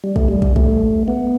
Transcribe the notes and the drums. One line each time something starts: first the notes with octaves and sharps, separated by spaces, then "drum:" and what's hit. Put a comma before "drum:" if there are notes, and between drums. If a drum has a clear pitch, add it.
G3
A3, drum: kick
G3
drum: kick
A3, drum: kick
B3